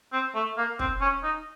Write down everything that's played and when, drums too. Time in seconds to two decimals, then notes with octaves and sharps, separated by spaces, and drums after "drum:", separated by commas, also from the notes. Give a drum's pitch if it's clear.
0.12 C4
0.35 A3
0.57 A#3
0.79 C4, drum: kick
1.01 C#4
1.23 D#4